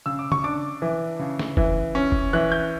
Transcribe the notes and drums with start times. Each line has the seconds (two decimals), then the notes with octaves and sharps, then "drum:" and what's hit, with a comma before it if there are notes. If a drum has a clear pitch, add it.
0.06 C#3 E6
0.19 D6
0.32 C#6, drum: tom
0.44 D4 D6
0.82 E3
1.19 C#3
1.39 drum: snare
1.57 E3, drum: kick
1.95 C#4
2.12 drum: kick
2.33 E3 F#6
2.52 G6